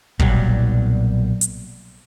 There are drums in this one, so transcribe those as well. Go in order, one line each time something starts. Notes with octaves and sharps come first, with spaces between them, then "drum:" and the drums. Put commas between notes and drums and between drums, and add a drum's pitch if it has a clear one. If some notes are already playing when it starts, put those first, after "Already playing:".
B1 A#2 F#3 G3, drum: kick
drum: hi-hat